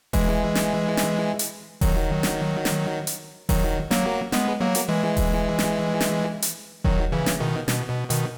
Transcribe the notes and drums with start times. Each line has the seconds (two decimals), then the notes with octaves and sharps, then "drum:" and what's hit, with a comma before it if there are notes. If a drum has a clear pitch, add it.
0.13 E3 G#3, drum: kick E1, open hi-hat
0.55 drum: snare
0.97 drum: snare
1.39 drum: hi-hat
1.81 D#3 F#3, drum: kick E1, open hi-hat
2.23 drum: snare
2.65 drum: snare
3.07 drum: hi-hat
3.49 D#3 F#3, drum: kick E1, open hi-hat
3.91 F#3 A#3, drum: snare
4.32 G#3 B3, drum: snare
4.60 F#3 A#3
4.75 drum: hi-hat
4.89 E3 G#3
5.17 drum: kick E1, open hi-hat
5.59 drum: snare
6.01 drum: snare
6.42 drum: hi-hat
6.84 D#3 F#3, drum: kick E1
7.12 C#3 E3
7.26 drum: snare
7.40 B2 D#3
7.68 B2, drum: snare
7.89 B2
8.10 B2 D#3, drum: hi-hat